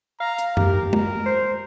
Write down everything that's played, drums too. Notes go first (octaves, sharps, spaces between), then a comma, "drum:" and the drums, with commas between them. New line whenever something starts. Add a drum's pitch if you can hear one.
F5 A#5
drum: hi-hat
G4 A#4, drum: tom F#2
A#4, drum: tom
C5